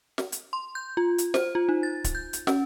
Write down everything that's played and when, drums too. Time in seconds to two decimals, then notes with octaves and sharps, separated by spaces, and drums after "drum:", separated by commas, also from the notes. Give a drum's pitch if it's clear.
0.18 drum: snare
0.32 drum: hi-hat
0.53 C6
0.75 G6
0.97 F4
1.18 drum: hi-hat
1.34 C5, drum: snare
1.55 F4
1.69 D#4
1.83 A6
2.04 drum: kick D1, hi-hat
2.15 G6
2.33 drum: hi-hat
2.47 C#4, drum: snare